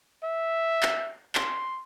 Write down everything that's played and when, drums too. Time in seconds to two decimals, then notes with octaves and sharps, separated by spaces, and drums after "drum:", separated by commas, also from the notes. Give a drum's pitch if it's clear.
0.23 E5
0.83 drum: clap
1.35 C6, drum: clap